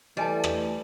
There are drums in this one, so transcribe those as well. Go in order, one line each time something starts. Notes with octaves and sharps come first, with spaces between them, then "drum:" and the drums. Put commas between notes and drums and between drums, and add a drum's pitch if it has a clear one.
E3 G3 A3 D#5 G#5 A5
drum: rim click